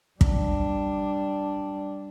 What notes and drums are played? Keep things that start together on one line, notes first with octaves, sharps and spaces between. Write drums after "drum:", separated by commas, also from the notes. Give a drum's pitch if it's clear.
G3 D4, drum: kick